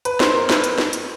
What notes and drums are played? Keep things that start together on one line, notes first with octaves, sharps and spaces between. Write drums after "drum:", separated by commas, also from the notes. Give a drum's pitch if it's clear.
B4, drum: hi-hat
C5, drum: snare
A#4
B4, drum: snare
drum: hi-hat
drum: snare
drum: hi-hat